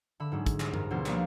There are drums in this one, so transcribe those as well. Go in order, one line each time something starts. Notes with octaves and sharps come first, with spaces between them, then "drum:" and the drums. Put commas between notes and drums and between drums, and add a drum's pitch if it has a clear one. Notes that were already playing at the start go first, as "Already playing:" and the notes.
D3 E5 B5
G#2 F#3 G#3
drum: kick, hi-hat
C2, drum: clap
A#4, drum: tom F#2
D2 B2 F3 B3 C5 A6
G3 A#3 B3 C5 D5 F5, drum: clap